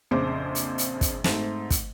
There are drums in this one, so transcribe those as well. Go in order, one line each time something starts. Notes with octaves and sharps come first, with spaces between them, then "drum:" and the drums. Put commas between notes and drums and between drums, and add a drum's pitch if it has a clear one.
A#1 F2 C#3 C5 C6 D6
drum: hi-hat
drum: hi-hat
drum: kick, hi-hat
G#2 A3 C4, drum: snare
drum: kick, hi-hat